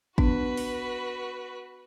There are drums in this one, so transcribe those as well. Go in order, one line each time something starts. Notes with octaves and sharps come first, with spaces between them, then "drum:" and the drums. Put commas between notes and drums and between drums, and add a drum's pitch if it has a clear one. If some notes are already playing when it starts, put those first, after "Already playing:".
B3 D4 F#4 B4, drum: kick
drum: open hi-hat